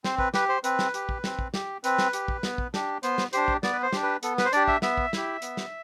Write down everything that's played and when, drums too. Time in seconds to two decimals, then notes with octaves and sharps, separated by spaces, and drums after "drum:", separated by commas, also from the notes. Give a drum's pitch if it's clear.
0.04 C4 C5, drum: snare
0.18 B4, drum: kick
0.34 G4 B4, drum: snare
0.49 C5
0.64 C4 B4, drum: hi-hat
0.79 drum: snare
0.94 G4, drum: hi-hat
1.09 drum: kick
1.24 C4, drum: snare
1.39 drum: kick
1.54 G4, drum: snare
1.84 C4 B4, drum: hi-hat
1.98 drum: snare
2.13 G4, drum: hi-hat
2.28 drum: kick
2.43 B3, drum: snare
2.58 drum: kick
2.74 D4 G4, drum: snare
3.03 B3 C5, drum: hi-hat
3.18 drum: snare
3.33 D4 G4 C5, drum: hi-hat
3.48 drum: kick
3.63 B3 D5, drum: snare
3.73 B4
3.83 C5
3.93 D4 G4, drum: snare
4.03 B4
4.23 B3 A4, drum: hi-hat
4.38 B4, drum: snare
4.45 C5
4.53 D4 G4 D5, drum: hi-hat
4.68 E5, drum: kick
4.82 B3 E5, drum: snare
4.97 drum: kick
5.13 E4 G4, drum: snare
5.42 B3, drum: hi-hat
5.57 drum: snare